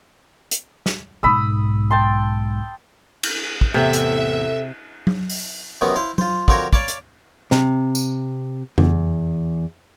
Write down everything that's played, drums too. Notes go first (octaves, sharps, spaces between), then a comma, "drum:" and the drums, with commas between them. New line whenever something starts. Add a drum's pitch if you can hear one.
drum: hi-hat
drum: snare
B1 G#2 B5 D#6 E6
G5 A5 C6
drum: cymbal
drum: kick
A1 E2 C3 A4 E5
drum: hi-hat
drum: tom F#3
drum: open hi-hat
F#2 C3 D#3 F#3 B3 C#4
E4 C5 F5
F4 C5, drum: tom F#3
D3 F3 C4 F#4 A#4 C#5, drum: kick
C#5 D5 F5 A5 B5 D6, drum: kick
drum: hi-hat
C3, drum: snare
drum: tambourine
E2, drum: tom F2